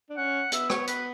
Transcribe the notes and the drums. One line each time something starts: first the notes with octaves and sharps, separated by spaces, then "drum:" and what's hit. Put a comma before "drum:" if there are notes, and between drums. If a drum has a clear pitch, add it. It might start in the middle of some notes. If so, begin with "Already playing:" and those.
D4
C#4 F#5
B3 E5, drum: hi-hat
C#5, drum: rim click
B4, drum: hi-hat